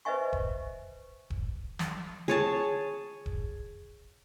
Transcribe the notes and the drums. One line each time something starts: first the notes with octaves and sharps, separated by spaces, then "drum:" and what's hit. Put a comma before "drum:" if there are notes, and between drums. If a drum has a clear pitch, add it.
B4 C5 D#5 E5 G#5 C#6
drum: kick D#1
drum: kick D#1
drum: snare
G#4 C#5 A5
drum: kick D#1